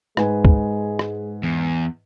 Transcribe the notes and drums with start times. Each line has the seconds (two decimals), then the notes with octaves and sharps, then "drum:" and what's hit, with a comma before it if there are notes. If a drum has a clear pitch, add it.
0.17 G#2 G#3 B4 G#5, drum: rim click
0.45 drum: kick C#2
0.99 drum: rim click
1.43 E2